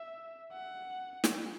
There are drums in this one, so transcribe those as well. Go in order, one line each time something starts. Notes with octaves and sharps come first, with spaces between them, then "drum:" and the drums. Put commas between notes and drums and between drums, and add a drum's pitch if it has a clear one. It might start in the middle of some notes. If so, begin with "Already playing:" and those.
Already playing: E5
F#5
drum: snare